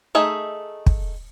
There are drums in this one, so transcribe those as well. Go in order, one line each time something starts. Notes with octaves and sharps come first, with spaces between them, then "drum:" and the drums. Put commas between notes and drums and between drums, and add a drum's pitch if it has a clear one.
A3 D#4 G#4 E5
drum: kick